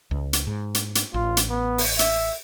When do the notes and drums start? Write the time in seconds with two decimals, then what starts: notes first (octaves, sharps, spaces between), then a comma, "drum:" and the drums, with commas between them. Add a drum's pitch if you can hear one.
0.11 C#2
0.33 drum: hi-hat
0.47 G#2
0.75 drum: hi-hat
0.95 drum: hi-hat
1.14 A1 F4
1.37 drum: hi-hat
1.49 B3
1.78 drum: open hi-hat
1.99 E5, drum: hi-hat